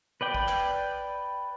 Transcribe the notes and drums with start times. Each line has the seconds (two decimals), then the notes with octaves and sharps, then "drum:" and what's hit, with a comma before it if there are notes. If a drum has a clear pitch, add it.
0.21 B4 D5 G5
0.35 drum: kick
0.48 drum: clap